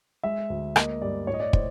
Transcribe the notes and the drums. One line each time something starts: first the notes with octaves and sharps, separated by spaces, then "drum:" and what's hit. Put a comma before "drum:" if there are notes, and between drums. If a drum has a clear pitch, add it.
G#3 E5
D2
A#3 D#5, drum: rim click
G2 D5
A2 C#5
D#5
D5
A2 C5, drum: kick